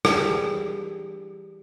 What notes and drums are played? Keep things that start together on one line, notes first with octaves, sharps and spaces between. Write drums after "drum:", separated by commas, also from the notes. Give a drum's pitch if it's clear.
E3 G3 D4 G#4, drum: rim click